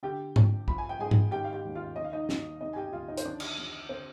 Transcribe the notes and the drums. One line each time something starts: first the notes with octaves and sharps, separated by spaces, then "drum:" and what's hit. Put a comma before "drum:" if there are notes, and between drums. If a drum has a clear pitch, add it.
D3 G4 G5
F2, drum: tom G#2
F3 B5, drum: kick
G#5
G5
G#2 G#4 G#5
drum: tom G#2
D#3 G4 G5
F5
G4 G5
D#2
F4 F5
D#3 D#5
F5
D#4 D#5
D#2, drum: snare
C3 D#4 D#5
G#5
G4 G5
D2 F4 F5
D#4 D#5
C5, drum: hi-hat
D#3 D4 D5
drum: cymbal
F2
D3 C4 C5